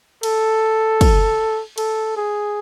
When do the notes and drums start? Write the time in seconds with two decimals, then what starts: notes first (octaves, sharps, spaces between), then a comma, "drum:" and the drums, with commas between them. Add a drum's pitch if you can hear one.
0.23 A4, drum: cymbal
1.01 drum: kick, cymbal
1.78 A4, drum: cymbal
2.17 G#4